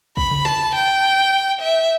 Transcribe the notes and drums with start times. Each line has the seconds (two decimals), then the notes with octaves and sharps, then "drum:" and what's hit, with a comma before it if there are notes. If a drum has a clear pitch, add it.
0.17 B5, drum: kick
0.31 drum: tom C3
0.45 A5, drum: snare
0.75 G5
1.61 E5